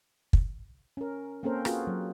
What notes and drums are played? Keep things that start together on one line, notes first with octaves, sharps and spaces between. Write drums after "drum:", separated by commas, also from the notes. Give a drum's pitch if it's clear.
drum: kick
C#4 A#4
A#3 C4 C#4 A4 A#4 C5
F4 F#4 G#4 B4, drum: rim click
F#3